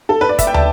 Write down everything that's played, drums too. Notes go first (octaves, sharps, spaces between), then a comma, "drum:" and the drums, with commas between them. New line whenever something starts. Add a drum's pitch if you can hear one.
A4
B4
D5
E5, drum: kick, hi-hat
G5
A5, drum: tom